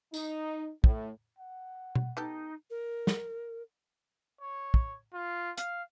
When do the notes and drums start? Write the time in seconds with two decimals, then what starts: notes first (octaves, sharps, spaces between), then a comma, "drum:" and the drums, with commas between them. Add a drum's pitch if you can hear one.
0.14 D#4, drum: tambourine
0.84 A2, drum: kick
1.38 F#5
1.95 drum: tom B2
2.17 B3 D#4 G4 A4
2.70 A#4
3.07 drum: snare
4.41 C#5
4.74 drum: kick
5.14 F4
5.58 F5, drum: hi-hat